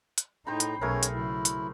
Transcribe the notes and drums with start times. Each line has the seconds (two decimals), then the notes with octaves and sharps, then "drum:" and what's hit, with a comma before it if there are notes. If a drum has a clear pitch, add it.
0.18 drum: hi-hat
0.47 A2 D#4 C5 G5 A#5 B5
0.60 drum: hi-hat
0.81 B1 A3 C#4 G#4 A#4 C#5
1.03 drum: hi-hat
1.14 C#3 F#3 E4
1.45 drum: hi-hat